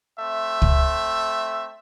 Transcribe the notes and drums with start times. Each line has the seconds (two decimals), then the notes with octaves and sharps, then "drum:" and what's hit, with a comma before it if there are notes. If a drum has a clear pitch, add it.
0.20 A3 C4 E5
0.62 drum: kick